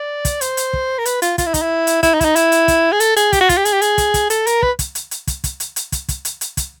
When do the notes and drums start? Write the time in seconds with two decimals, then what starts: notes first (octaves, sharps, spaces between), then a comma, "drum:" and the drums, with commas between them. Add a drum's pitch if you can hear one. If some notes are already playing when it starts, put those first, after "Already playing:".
Already playing: D5
0.25 drum: kick, hi-hat
0.41 C5, drum: hi-hat
0.57 drum: hi-hat
0.73 drum: kick
0.99 A#4
1.05 B4, drum: hi-hat
1.22 F4, drum: hi-hat
1.38 F4, drum: kick, hi-hat
1.46 E4
1.54 D#4, drum: kick, hi-hat
1.62 E4
1.87 drum: hi-hat
2.03 E4, drum: kick, hi-hat
2.14 D#4
2.21 E4, drum: kick, hi-hat
2.25 D#4
2.36 E4, drum: hi-hat
2.52 drum: hi-hat
2.68 drum: kick, hi-hat
2.92 G#4
3.00 A4, drum: hi-hat
3.17 G#4, drum: hi-hat
3.33 G4, drum: kick, hi-hat
3.41 F#4
3.49 F4, drum: kick, hi-hat
3.57 G4
3.65 G#4, drum: hi-hat
3.73 G4
3.82 G#4, drum: hi-hat
3.98 drum: kick, hi-hat
4.14 drum: kick, hi-hat
4.30 A4, drum: hi-hat
4.47 A#4, drum: hi-hat
4.62 B4, drum: kick
4.79 drum: kick, hi-hat
4.95 drum: hi-hat
5.11 drum: hi-hat
5.27 drum: kick, hi-hat
5.44 drum: kick, hi-hat
5.60 drum: hi-hat
5.76 drum: hi-hat
5.92 drum: kick, hi-hat
6.09 drum: kick, hi-hat
6.25 drum: hi-hat
6.41 drum: hi-hat
6.57 drum: kick, hi-hat